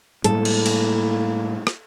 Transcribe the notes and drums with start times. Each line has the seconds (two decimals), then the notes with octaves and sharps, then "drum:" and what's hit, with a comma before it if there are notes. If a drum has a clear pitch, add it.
0.24 A2 G3 G#3 A#3 E4 A4, drum: hi-hat
0.45 drum: cymbal
0.66 drum: cymbal
1.67 drum: rim click